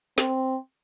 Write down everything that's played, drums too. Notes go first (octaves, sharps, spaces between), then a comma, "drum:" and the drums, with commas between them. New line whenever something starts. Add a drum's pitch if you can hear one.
C4, drum: snare